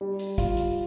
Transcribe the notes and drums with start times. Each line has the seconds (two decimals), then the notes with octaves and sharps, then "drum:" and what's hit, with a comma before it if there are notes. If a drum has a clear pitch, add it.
0.01 G3
0.19 drum: hi-hat
0.38 F4, drum: kick, hi-hat
0.57 drum: hi-hat